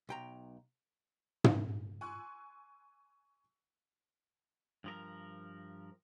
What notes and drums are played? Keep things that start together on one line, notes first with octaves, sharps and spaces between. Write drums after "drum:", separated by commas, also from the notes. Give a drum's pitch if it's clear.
B1 G5 A#5
drum: tom
G#5 C6 C#6 E6 F#6
G2 F3 A#4